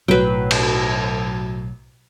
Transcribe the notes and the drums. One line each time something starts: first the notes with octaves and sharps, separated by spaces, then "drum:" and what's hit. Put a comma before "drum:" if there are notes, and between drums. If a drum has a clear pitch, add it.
B1 A2 F#3 B4 G5
drum: cymbal